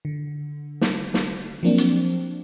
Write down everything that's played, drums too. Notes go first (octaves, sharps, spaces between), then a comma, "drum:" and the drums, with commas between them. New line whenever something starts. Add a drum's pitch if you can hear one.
D3
drum: snare
drum: snare
F3 F#3 A#3 C4 D4
drum: hi-hat